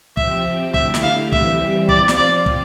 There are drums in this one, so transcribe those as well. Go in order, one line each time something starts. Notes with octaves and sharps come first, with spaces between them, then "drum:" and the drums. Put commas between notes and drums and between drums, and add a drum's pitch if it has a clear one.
F3 C4 G4 E5, drum: kick
D3 A3 E4 G4 E5, drum: kick
drum: snare
F5
E3 G3 C4 G4 E5, drum: kick
F3 C4 F4 D5, drum: kick
drum: snare
D5
drum: kick